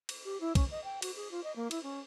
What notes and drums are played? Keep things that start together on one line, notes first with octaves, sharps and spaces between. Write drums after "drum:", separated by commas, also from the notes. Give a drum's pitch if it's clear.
drum: cymbal
G4
E4
C#4, drum: kick, cymbal
D#5
G5
F#4, drum: cymbal
G#4
F4
D#5
A#3
E4, drum: cymbal
C#4